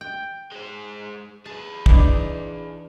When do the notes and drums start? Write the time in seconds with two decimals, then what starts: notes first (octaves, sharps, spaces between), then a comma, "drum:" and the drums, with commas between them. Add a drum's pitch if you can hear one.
0.01 G5
0.52 G#3 C5
1.46 G#4 B4 A5
1.86 E3 D4 D#4, drum: kick